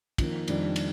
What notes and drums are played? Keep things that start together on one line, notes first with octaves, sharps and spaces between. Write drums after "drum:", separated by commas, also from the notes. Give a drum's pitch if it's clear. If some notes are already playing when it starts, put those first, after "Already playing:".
F2 D#3 A#3, drum: kick, cymbal
F1 F2 D#3 G3 D4, drum: cymbal
drum: cymbal